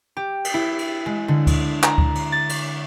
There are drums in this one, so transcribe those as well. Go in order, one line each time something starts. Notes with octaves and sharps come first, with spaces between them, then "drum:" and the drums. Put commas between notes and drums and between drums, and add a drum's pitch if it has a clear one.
G4
drum: cymbal
E4
drum: cymbal
G#3
D3
drum: kick D2, cymbal
A#5, drum: clap
drum: kick D2
drum: cymbal
A6
drum: cymbal